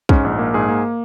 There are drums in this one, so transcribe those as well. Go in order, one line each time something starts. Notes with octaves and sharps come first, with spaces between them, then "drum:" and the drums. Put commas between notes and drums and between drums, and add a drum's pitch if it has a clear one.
G#2 C#4, drum: kick
A#1
A#3
G#2 G#4
A#3